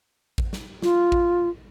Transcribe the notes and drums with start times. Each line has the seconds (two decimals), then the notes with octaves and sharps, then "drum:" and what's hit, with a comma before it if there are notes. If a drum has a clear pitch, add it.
0.38 drum: kick A1
0.53 drum: snare
0.82 F4, drum: snare
1.12 drum: kick A1